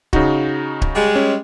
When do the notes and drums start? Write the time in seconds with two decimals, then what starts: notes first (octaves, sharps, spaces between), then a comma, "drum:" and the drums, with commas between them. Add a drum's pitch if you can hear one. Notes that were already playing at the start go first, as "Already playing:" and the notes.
0.13 C#3 D#4 F#4, drum: kick D1
0.82 drum: kick D1
0.95 G3 G#3
1.15 C#4